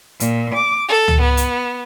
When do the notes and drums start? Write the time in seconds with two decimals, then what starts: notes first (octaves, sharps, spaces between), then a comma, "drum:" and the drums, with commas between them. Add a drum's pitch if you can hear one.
0.20 A#2, drum: hi-hat
0.54 D6
0.87 A4
1.08 drum: tom C#2
1.19 B3
1.37 drum: hi-hat